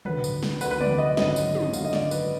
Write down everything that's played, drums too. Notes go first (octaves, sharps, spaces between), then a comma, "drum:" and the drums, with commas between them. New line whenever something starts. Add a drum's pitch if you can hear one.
D2 D3 B4, drum: tom
drum: tambourine
drum: snare
D2 D3 B4, drum: tambourine
B4
D5, drum: tom
D#5
G#1 F#2 D3 D#5, drum: snare
drum: tambourine
drum: tom
G#1 F#2 D3 F5, drum: tambourine
D#5
D5, drum: snare
B4, drum: tambourine